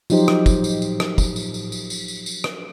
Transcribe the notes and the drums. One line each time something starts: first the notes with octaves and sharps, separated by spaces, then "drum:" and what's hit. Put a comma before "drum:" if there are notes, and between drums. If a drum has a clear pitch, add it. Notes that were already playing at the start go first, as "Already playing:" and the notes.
F3 F#3 D#4 G4 C5, drum: tambourine
drum: rim click
drum: kick, tambourine
drum: tambourine
drum: tambourine
drum: rim click
drum: kick, tambourine
drum: tambourine
drum: tambourine
drum: tambourine
drum: tambourine
drum: tambourine
drum: tambourine
drum: rim click